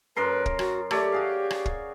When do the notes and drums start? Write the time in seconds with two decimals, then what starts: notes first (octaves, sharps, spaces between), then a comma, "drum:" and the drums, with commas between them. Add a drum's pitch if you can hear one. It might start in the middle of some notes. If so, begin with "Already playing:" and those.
0.16 F#2 A#4 B4 C6
0.46 drum: kick
0.59 F#4, drum: rim click
0.91 A3 G4 C#5 D5, drum: rim click
1.12 F#4 G#4 F5
1.51 drum: rim click
1.66 drum: kick